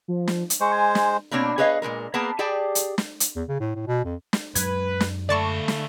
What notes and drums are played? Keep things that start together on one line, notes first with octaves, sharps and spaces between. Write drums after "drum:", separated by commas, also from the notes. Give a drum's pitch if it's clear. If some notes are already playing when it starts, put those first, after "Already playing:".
F3
drum: snare
drum: hi-hat
G#3 C5 C#6
G#5
drum: snare
B2 A#3 C4 D4 C#5
G#4 B4 C#5 D#5 F5
A#2 F#3 G#3 A#4
A#3 B3 G#4 A#4 A5
G4 G#4 D5 G5 A5
drum: hi-hat
drum: snare
drum: hi-hat
E2
C#3
A2
A2
B2
F2
drum: snare
F#2 F#3 G#3 B4 G#6, drum: hi-hat
drum: snare
D3 A3 D5 A5 B5 C#6
drum: snare